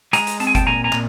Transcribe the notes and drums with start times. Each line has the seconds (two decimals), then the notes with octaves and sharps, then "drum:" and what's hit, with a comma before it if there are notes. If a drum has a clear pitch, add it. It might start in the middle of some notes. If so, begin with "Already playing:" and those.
0.13 G#3 G#5 A#5, drum: hi-hat
0.27 drum: hi-hat
0.40 C4 A5, drum: hi-hat
0.47 G#5
0.55 G5 A5, drum: kick F#1, hi-hat
0.67 A#2 G#5 A#5
0.84 G#5 A#5
0.93 A#2, drum: clap